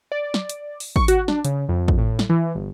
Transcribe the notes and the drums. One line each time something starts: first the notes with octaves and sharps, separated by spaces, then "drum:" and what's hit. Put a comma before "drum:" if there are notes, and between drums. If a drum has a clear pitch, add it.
D5
drum: snare
drum: hi-hat
drum: open hi-hat
C#6, drum: kick
F#4, drum: hi-hat
D4, drum: snare
C#3, drum: hi-hat
F2
drum: kick
A2
drum: snare
E3
G1